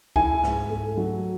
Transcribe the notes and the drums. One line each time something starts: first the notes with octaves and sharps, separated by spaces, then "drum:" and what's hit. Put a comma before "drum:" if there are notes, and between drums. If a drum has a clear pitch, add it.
E4 G#5, drum: kick C#2
G#2, drum: rim click
A3
F#3